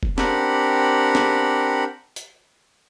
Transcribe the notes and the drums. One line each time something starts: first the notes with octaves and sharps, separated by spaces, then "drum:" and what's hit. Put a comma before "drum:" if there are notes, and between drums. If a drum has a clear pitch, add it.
drum: kick
C4 D4 G4 A#4 F#5 B5, drum: snare C#4
drum: snare C#4
drum: hi-hat